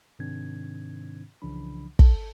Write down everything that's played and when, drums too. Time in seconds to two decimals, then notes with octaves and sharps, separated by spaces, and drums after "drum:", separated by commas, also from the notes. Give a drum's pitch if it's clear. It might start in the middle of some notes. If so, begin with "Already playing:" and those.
0.19 G#2 C3 D#3 C4 D4 G#6
1.42 C2 C#3 E3 F3 D4 B5
1.99 A4 A5, drum: kick